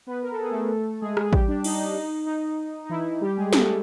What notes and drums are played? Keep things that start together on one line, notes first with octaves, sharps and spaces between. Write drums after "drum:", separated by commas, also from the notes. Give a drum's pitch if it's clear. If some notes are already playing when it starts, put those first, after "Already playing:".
B3 B4
A#4
A4
G#4
A3 A4
G#3 G#4
G#3 G#4, drum: rim click
G3 G4, drum: kick A1
D4
D#4, drum: cymbal
D#4
D#4
D#4
D#4
E3 E4
G3 G4
G#3 G#4
A3 A4, drum: snare